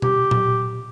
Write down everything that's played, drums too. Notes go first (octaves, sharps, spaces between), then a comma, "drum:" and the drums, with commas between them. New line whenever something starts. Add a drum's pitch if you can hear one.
G4, drum: tom B2
drum: tom A#2